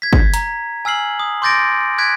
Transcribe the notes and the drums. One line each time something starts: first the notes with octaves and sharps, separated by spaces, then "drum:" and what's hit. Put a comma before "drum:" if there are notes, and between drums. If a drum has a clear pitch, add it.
G#6 B6
drum: kick
A#5, drum: hi-hat
G#5 E6 F6 C7 F#7
D#6
C6 D6 G6 A6 A#6 D7
F#6 G#6 B6 D7